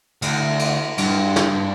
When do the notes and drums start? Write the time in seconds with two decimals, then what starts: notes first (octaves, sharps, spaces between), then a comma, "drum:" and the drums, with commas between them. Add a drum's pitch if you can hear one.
0.22 D2, drum: cymbal
0.59 drum: cymbal
0.98 G2, drum: cymbal
1.36 drum: snare